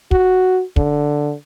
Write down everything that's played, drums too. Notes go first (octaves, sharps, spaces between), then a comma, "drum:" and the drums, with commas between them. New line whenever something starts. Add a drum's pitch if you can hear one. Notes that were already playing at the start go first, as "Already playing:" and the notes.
F#4, drum: kick
D3, drum: kick